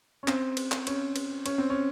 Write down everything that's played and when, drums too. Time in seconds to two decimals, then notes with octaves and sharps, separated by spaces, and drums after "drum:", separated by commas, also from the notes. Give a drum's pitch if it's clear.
0.23 C#4
0.28 C4, drum: clap
0.57 drum: cymbal
0.72 drum: clap
0.87 C#4, drum: cymbal
1.16 drum: cymbal
1.46 C#4, drum: cymbal
1.58 C4
1.70 C#4